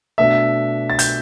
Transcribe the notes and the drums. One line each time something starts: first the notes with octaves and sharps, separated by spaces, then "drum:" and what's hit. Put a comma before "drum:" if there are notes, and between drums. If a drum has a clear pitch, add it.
B2 A3 D4 E5
A6
G6, drum: hi-hat